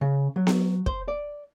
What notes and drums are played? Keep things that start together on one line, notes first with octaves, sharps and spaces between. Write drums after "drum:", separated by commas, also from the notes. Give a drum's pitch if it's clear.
C#3
F#3
drum: snare B3
C5, drum: kick
D5